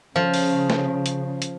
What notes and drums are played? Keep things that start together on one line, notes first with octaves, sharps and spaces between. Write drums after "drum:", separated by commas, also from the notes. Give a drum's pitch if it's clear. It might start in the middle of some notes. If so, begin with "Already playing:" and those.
C#3 F3
drum: open hi-hat
drum: snare
drum: hi-hat
drum: hi-hat